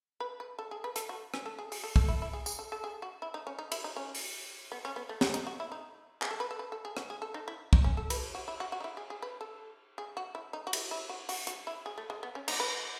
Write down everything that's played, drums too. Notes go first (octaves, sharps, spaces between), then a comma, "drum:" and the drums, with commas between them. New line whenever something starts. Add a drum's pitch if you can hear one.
B4
B4
A4
G#4
B4
A4, drum: hi-hat
F#4
C#4, drum: rim click
A4
G#4
G#4, drum: open hi-hat
A4
A4, drum: kick
E4
E4
G#4
G#4, drum: tambourine
A4
A4
G#4
F#4
E4
D#4
C#4
D#4
E4, drum: cymbal
D#4
C#4
drum: open hi-hat
B3
C#4
B3
A3
F#3, drum: snare
D#4, drum: hi-hat
F#4
E4
D#4
G#4, drum: clap
A4
B4
A4
B4
A4
G#4
F#4, drum: rim click
G#4
A4
D#4
E4
D#4, drum: kick
C#4
A4
B4, drum: cymbal
F#4
E4
F#4
F#4
D#4
E4
G#4
G#4
B4
A4
G#4
F#4
E4
D#4
F#4
E4, drum: cymbal
E4
F#4
F#4, drum: open hi-hat
F#4, drum: hi-hat
E4
G#4
A3
G#3
B3
C#4
D#4, drum: cymbal
B4